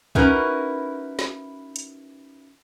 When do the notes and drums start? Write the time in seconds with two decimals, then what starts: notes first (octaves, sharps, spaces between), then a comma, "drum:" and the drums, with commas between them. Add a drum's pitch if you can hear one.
0.15 C#4 D#4 E4 F#4 A#4 B4, drum: kick
1.19 drum: snare
1.76 drum: hi-hat